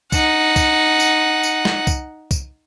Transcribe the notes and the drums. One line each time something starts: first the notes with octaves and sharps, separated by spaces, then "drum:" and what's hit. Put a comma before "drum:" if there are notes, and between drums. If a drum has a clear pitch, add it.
D#4 F#5, drum: kick, tambourine
drum: kick, tambourine
drum: tambourine
drum: tambourine
drum: snare
drum: kick, tambourine
drum: kick, tambourine